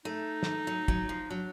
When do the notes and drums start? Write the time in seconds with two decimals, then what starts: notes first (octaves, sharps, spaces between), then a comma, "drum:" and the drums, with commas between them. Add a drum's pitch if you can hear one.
0.05 A3 D#4
0.43 drum: snare
0.67 F#3
0.88 F#3, drum: kick
1.09 F3
1.30 F#3 D4